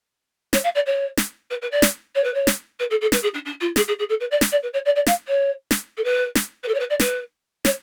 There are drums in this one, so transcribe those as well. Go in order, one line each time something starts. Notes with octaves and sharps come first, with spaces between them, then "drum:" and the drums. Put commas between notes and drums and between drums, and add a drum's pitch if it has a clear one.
C#5, drum: snare
F5
D5
C#5
drum: snare
B4
B4
D5
drum: snare
C#5
B4
C#5
drum: snare
B4
A4
A4
B4, drum: snare
G#4
D4
D4
F4
G#4, drum: snare
G#4
G#4
A4
B4
D5
drum: snare
D5
B4
C#5
D5
D5
F5, drum: snare
C#5
drum: snare
A4
B4
drum: snare
B4
A4
C#5
B4
D5
B4, drum: snare
C#5, drum: snare